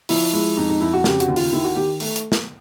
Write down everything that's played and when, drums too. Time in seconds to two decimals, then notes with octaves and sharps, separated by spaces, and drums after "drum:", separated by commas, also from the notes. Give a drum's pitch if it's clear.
0.09 F3 E4, drum: open hi-hat
0.33 G#3 E4
0.57 F2 D#4
0.69 D#4
0.80 F2 E4
0.93 F#4
1.04 C#3 G4, drum: snare
1.20 F#4, drum: hi-hat
1.28 D#2
1.36 F4, drum: open hi-hat
1.53 D#3 E4
1.64 F#4
1.76 D#3 G4
2.00 A3, drum: open hi-hat
2.16 drum: hi-hat
2.32 drum: snare